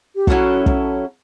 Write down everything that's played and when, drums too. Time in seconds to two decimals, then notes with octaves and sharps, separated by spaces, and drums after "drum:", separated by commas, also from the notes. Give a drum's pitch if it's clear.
0.16 G4
0.27 F#3 C#4 E4 F#4 A4, drum: kick
0.66 drum: kick